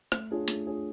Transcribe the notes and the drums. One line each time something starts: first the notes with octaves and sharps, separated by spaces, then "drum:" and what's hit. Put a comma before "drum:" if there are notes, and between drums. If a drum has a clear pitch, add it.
A3, drum: rim click
D4 F4 G#4 C#5
A3, drum: hi-hat
D4 F4 G#4 C#5